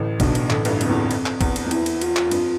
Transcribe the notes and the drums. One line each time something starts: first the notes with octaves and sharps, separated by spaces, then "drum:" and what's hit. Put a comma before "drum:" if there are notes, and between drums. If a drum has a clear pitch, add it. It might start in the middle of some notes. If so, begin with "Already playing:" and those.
Already playing: A1 A2
B1 B2 D4, drum: kick, cymbal
drum: cymbal
A1 A2, drum: clap
G1 G2, drum: cymbal
F2, drum: cymbal
E2
F2
drum: cymbal
drum: clap
E2, drum: kick, cymbal
drum: cymbal
F2
E2 E4, drum: cymbal
drum: cymbal
F4, drum: cymbal
drum: clap
G2
F2, drum: cymbal